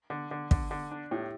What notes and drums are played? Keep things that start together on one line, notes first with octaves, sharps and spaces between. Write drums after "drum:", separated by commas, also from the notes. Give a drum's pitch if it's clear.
D3
D3
D3, drum: kick
D3
D4
A2 E4 G4